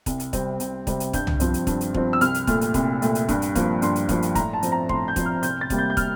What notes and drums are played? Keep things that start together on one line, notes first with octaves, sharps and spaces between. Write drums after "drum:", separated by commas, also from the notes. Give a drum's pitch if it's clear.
C2, drum: kick, hi-hat
drum: hi-hat
C3 G3 C4, drum: kick, hi-hat
C2, drum: hi-hat
C3 G3 C4, drum: kick, hi-hat
drum: hi-hat
G2 G6, drum: kick, hi-hat
drum: tom C2
F3 C4, drum: hi-hat
drum: hi-hat
G2, drum: kick, hi-hat
drum: hi-hat
F3 C4, drum: kick
E6
C2 F6, drum: hi-hat
drum: hi-hat
A#2 A3, drum: kick, hi-hat
drum: hi-hat
C2, drum: kick, hi-hat
A#2 A3, drum: hi-hat
drum: hi-hat
G2, drum: kick, hi-hat
drum: hi-hat
F3 A#3, drum: kick, hi-hat
G2 C6, drum: hi-hat
drum: hi-hat
F3 A#3, drum: kick, hi-hat
drum: hi-hat
A2 A#5, drum: kick, hi-hat
A5
F3 C4, drum: hi-hat
A#5
A2 C6, drum: kick
G6
F3 C4, drum: kick, hi-hat
F6
C2 G6, drum: hi-hat
A6
C3 G3 A#3, drum: kick, hi-hat
G6
G6
F6, drum: kick, hi-hat